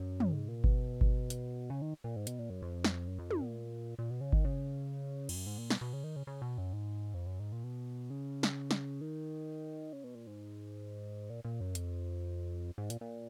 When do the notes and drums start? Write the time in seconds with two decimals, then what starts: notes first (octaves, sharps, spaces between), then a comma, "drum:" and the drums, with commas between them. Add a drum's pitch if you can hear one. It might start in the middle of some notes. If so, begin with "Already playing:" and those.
Already playing: F#2
0.20 drum: tom
0.32 G#2
0.48 A#2
0.64 B2, drum: kick G1
1.01 drum: kick G1
1.30 drum: hi-hat
1.70 C#3
1.82 D#3
2.04 A#2
2.16 G#2
2.27 B2, drum: hi-hat
2.39 A#2
2.50 F#2
2.62 F2
2.84 drum: snare
3.07 F#2
3.19 F2
3.31 F#2, drum: tom
3.42 A#2
3.99 A#2
4.11 B2
4.21 C#3
4.33 D#3, drum: kick G1
4.45 C#3
5.29 F2, drum: cymbal
5.36 F#2
5.46 G#2
5.58 A#2
5.70 B2, drum: snare
5.81 B2
5.93 C#3
6.04 D#3
6.16 C#3
6.27 C#3
6.42 B2
6.58 F#2
6.73 G#2
7.14 F2
7.26 F#2
7.40 G#2
7.52 A#2
7.64 B2
8.10 C#3
8.43 drum: snare
8.71 drum: snare
9.01 D#3
9.93 C#3
10.04 B2
10.15 A#2
10.27 G#2
11.30 A#2
11.45 A#2
11.61 F#2
11.75 F2, drum: hi-hat
12.78 G#2
12.90 A#2, drum: hi-hat
13.01 A#2